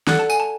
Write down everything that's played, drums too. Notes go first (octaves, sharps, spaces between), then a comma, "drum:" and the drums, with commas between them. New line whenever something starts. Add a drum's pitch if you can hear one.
A4 D5 F#5 F#6, drum: snare
A5
G#5, drum: tambourine
A5